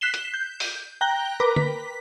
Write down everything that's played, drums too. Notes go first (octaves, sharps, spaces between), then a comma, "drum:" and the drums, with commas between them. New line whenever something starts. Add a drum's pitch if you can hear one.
F#6 B6 C7 E7 G7
drum: hi-hat
G6
drum: open hi-hat
G5 A#5 F#6 A#6 G7
A#4 B4 A#5 D6
B6, drum: tom D3